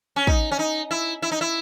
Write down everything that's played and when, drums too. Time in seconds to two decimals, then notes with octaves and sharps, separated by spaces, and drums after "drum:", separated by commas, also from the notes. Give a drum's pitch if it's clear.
0.16 C#4
0.27 D#4, drum: kick
0.51 C#4
0.59 D#4
0.91 E4
1.22 E4
1.32 D#4
1.41 E4